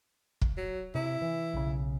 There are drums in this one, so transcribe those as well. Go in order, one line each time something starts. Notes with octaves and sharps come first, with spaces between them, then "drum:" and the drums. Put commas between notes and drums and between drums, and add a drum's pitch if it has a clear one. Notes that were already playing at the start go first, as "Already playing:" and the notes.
drum: kick
F#3
C3 E4
E3
B1 C#3